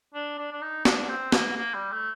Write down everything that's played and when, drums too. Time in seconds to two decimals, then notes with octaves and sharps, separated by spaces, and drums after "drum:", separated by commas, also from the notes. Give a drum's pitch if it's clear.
0.14 D4
0.38 D4
0.52 D4
0.62 D#4
0.85 D4, drum: snare
1.09 C4
1.32 A#3, drum: snare
1.56 A#3
1.74 G3
1.92 A3